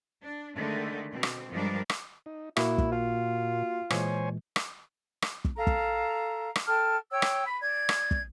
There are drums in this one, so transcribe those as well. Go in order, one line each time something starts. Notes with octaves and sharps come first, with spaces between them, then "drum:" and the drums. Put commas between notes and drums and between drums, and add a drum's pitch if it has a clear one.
D4
D3 D#3 G#3 A3
B2 C4
drum: rim click
G2 F3 G3 G#3 D4 A#4
drum: rim click
D#4
A#2 A#3 E4 F#4 F#5, drum: rim click
drum: kick
F4
A#2 E3 G#3 C5 C#5 G#5, drum: rim click
drum: rim click
drum: rim click
drum: kick
A4 F5 A#5
drum: kick
drum: rim click
A4 G5 A5 F6
C#5 G5 E6
drum: rim click
B5
D5 G#6
drum: rim click
drum: kick